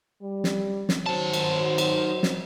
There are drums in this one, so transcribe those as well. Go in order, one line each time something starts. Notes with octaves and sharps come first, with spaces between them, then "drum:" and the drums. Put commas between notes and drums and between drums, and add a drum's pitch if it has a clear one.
G3
drum: snare
drum: snare
D#3 F#3 C5 A5
drum: cymbal
drum: cymbal
drum: snare